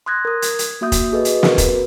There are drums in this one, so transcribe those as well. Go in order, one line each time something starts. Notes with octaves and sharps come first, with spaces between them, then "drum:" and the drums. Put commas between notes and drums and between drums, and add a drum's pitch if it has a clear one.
C6 D#6 F#6 G#6 A#6
A#4 D#6
G#6, drum: hi-hat
drum: hi-hat
A#3 F#4 E5 D#6 G6
drum: kick, hi-hat
F#4 G#4 A4 B4 D#5
drum: hi-hat
C4 F#4 A#4 B4, drum: snare
drum: kick, hi-hat